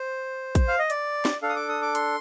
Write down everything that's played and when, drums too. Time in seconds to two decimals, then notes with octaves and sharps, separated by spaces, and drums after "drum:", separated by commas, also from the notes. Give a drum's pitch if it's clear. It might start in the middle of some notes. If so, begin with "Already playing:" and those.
Already playing: C5
0.55 drum: kick, hi-hat
0.68 F5
0.79 D#5
0.90 D5, drum: hi-hat
1.25 drum: snare
1.42 D4 A4 F5
1.49 D#6
1.56 D6
1.69 D#6
1.82 D6
1.95 C6, drum: hi-hat